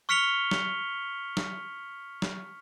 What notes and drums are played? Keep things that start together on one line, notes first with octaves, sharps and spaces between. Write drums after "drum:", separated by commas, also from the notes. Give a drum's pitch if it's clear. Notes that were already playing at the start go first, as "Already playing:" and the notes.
C#6 F6 B6 C#7 F7 G7
drum: snare
drum: snare
drum: snare